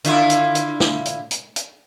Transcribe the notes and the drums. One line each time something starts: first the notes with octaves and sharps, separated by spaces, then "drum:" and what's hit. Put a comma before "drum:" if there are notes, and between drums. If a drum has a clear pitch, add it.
D3 E4 F4, drum: hi-hat
drum: hi-hat
drum: hi-hat
drum: snare
drum: hi-hat
drum: hi-hat
drum: hi-hat